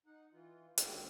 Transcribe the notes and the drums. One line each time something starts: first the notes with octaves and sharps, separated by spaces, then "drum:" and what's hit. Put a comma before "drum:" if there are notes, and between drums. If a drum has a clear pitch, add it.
D#4 F#5
E3 F4
D2 D#3 G#3 A#3 C4, drum: hi-hat